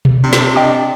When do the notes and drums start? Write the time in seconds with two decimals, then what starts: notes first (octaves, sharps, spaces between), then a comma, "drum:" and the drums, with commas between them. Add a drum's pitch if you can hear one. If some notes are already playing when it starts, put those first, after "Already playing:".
0.05 drum: tom B2
0.24 C3 D4
0.33 drum: snare
0.56 D#5 G5 D6